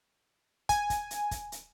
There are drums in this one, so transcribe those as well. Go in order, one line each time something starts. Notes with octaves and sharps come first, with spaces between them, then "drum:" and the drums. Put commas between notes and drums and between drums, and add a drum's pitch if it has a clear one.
G#5, drum: kick, hi-hat
drum: kick, hi-hat
drum: hi-hat
drum: kick, hi-hat
drum: hi-hat